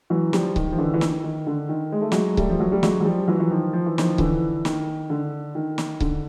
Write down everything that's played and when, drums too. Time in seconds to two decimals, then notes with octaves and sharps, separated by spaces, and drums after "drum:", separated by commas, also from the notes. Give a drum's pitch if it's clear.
0.10 E3 F#3
0.33 F3 G3, drum: snare
0.56 D#3, drum: kick C#1
0.72 F3
0.78 D3 E3
0.94 E3
1.01 D#3, drum: snare
1.24 D#3
1.47 D3
1.69 D#3
1.92 G#3
2.01 A3
2.12 F#3 G#3, drum: snare
2.37 G3 A3, drum: kick C#1
2.49 F3
2.60 F#3
2.72 G3
2.83 F#3 G#3, drum: snare
3.00 F#3
3.05 F3 G3
3.28 E3 F#3
3.40 E3
3.51 D#3 F3
3.73 F3
3.86 E3
3.98 D#3 F3, drum: snare
4.18 D3 E3, drum: kick C#1
4.65 D#3, drum: snare
5.10 D3
5.55 D#3
5.78 drum: snare
6.00 D3, drum: kick C#1